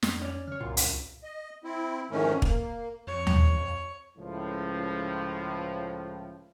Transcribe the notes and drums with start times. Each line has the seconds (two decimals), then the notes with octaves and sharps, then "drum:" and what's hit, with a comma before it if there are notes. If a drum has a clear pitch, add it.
0.03 F2, drum: snare
0.22 C#4 D5
0.47 C#3 C#5 F6
0.61 C2 F#2 A#2 F4
0.77 C#2, drum: hi-hat
1.23 D#5
1.64 C4 E4
2.11 F2 G#2 D#3 E3 A3 C#4
2.42 A#3, drum: kick
3.07 F2 C#5
3.27 drum: tom D#2
4.18 C#2 A2 F3